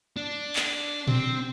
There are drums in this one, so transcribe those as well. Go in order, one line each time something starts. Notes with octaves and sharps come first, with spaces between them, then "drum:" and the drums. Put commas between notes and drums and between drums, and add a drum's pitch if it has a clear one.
D4
drum: clap
C4, drum: tom A#2